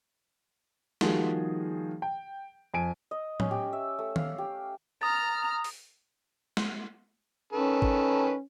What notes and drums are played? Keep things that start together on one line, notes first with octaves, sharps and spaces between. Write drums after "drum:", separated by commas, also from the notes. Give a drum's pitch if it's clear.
D#3 F3 G3 A#3 F#4 G#4, drum: snare
G5
F2 G#5 D7
D#5
C#4, drum: tom
G4
E5
A3
F5, drum: tom D#3
G4
A#5 D#6 F6 A6
drum: open hi-hat
drum: snare
D#3 C#4 A4 B4
drum: kick G#1